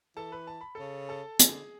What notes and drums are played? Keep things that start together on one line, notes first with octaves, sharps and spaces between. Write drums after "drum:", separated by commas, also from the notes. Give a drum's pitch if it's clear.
E3 A4 A5
B4 B5
A5
B5
C#3 A4 A5
A4 A5
D3 G#4 G#5, drum: hi-hat